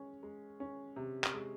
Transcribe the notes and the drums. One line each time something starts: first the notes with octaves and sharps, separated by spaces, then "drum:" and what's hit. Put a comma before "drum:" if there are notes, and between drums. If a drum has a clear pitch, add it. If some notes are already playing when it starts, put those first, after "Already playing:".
Already playing: G#3 C#4
G#3
C#4
C3
drum: clap
G#3